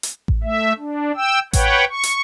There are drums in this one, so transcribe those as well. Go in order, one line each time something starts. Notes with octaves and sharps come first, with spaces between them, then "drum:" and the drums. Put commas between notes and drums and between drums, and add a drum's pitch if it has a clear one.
drum: hi-hat
drum: kick A1
A3 E5
D4
G5 E6
B4 C#5 F#5 G5, drum: kick A1, hi-hat
C#6
drum: hi-hat